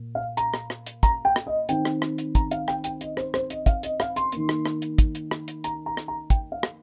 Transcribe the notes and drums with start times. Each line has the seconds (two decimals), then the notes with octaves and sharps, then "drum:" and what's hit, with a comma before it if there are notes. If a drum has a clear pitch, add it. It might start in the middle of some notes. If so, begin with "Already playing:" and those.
Already playing: A#2 A#3
0.15 F5
0.37 A#5, drum: hi-hat
0.54 drum: rim click
0.70 drum: rim click
0.87 drum: hi-hat
1.03 A#5, drum: kick, hi-hat
1.25 G5
1.36 drum: rim click
1.47 D#5
1.69 D#3 C4 G5, drum: hi-hat
1.85 drum: rim click
2.02 drum: rim click
2.18 drum: hi-hat
2.35 A#5, drum: kick, hi-hat
2.51 F5, drum: hi-hat
2.68 G5, drum: rim click
2.84 G5, drum: hi-hat
3.01 D#5, drum: hi-hat
3.17 C5, drum: rim click
3.34 C5, drum: rim click
3.50 D#5, drum: hi-hat
3.66 F5, drum: kick, hi-hat
3.83 D#5, drum: hi-hat
4.00 F5, drum: rim click
4.16 C6, drum: hi-hat
4.32 D#3 A#3, drum: hi-hat
4.49 drum: rim click
4.65 drum: rim click
4.82 drum: hi-hat
4.98 drum: kick, hi-hat
5.15 drum: hi-hat
5.31 drum: rim click
5.48 drum: hi-hat
5.64 A#5, drum: hi-hat
5.86 A#5
5.97 drum: rim click
6.08 A#5
6.30 G5, drum: kick, hi-hat
6.52 F5
6.63 drum: rim click